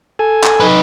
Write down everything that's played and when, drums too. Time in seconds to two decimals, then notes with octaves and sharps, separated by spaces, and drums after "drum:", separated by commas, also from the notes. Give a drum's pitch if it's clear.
0.19 A4 G#5
0.44 drum: clap
0.60 D#4 B4